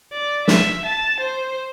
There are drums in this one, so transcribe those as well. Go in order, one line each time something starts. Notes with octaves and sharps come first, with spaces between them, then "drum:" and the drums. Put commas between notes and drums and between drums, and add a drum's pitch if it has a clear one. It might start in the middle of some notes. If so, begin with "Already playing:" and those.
D5
E5, drum: snare
A5
C5